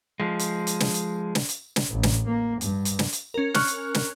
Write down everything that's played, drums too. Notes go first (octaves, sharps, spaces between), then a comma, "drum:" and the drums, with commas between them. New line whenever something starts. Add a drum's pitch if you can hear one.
F3 G#3
drum: hi-hat
drum: hi-hat
drum: snare
drum: hi-hat
drum: snare
drum: hi-hat
drum: snare
A1
drum: snare
A#3
G2, drum: hi-hat
drum: hi-hat
drum: snare
drum: hi-hat
C#4 A#4
C#6 F6 F#6, drum: snare
drum: hi-hat
drum: snare